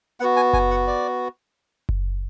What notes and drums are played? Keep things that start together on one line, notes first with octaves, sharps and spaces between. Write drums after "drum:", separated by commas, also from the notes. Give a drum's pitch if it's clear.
B3 F#4 F#5
G#5
G#5, drum: kick F#1
F#5
D5
drum: kick F#1